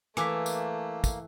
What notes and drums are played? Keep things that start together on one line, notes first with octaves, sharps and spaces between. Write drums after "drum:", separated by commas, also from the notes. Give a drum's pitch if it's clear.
E3 A3 A#3 G#5 D6 B6, drum: rim click
drum: tambourine
drum: kick, tambourine